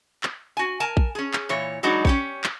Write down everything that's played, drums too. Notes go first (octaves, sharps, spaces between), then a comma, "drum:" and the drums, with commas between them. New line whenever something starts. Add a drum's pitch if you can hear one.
drum: clap
F#4 G#5
A#4 G#5 A5
drum: kick A#1
C#4 G#4
drum: clap
A#2 E3 C#5
E3 F#3 G#3 D4 D#4 F#4
C#4 G4 C#5, drum: kick A#1
drum: clap